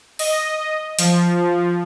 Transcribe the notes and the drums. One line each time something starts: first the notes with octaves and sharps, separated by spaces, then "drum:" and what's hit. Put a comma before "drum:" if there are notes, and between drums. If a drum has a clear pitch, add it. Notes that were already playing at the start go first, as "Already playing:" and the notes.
D#5, drum: open hi-hat
F3, drum: hi-hat